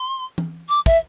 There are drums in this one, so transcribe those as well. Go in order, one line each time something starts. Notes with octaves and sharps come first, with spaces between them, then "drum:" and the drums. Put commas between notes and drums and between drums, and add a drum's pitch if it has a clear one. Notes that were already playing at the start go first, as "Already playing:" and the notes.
Already playing: C6
drum: tom E3
D6
E5, drum: kick